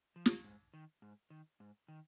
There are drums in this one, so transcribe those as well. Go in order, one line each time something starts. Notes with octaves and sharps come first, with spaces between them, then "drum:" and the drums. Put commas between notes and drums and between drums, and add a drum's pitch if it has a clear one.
F3
drum: snare
G#2
D#3
G#2
D#3
G#2
D#3